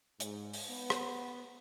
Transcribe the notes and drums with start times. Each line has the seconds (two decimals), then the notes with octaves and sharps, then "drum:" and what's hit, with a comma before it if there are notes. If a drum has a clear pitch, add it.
0.20 G#2, drum: hi-hat
0.54 drum: open hi-hat
0.70 B3
0.90 drum: rim click